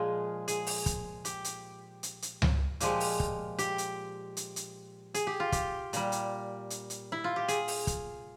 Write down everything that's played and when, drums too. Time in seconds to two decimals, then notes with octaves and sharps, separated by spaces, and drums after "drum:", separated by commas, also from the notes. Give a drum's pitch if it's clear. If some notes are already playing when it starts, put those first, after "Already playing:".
Already playing: A#2 F3 G#3 G#4
0.48 G#4, drum: hi-hat
0.67 drum: open hi-hat
0.86 drum: kick, hi-hat
1.25 G4, drum: hi-hat
1.44 drum: hi-hat
2.03 drum: hi-hat
2.22 drum: hi-hat
2.42 drum: tom C#2
2.80 A#2 F3 G#3 G4, drum: hi-hat
3.00 drum: open hi-hat
3.20 drum: kick
3.59 G4, drum: hi-hat
3.78 drum: hi-hat
4.37 drum: hi-hat
4.56 drum: hi-hat
5.14 G#4, drum: hi-hat
5.27 G4
5.40 F4
5.52 G4, drum: kick, hi-hat
5.93 A#2 G3, drum: hi-hat
6.12 drum: hi-hat
6.70 drum: hi-hat
6.90 drum: hi-hat
7.12 E4
7.24 F4
7.36 G4
7.48 G#4, drum: hi-hat
7.68 drum: open hi-hat
7.87 drum: kick, hi-hat